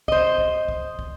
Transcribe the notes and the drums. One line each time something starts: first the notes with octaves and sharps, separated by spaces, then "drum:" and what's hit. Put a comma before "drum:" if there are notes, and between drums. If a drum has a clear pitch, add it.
C5 D#5, drum: kick
drum: kick
drum: kick
drum: kick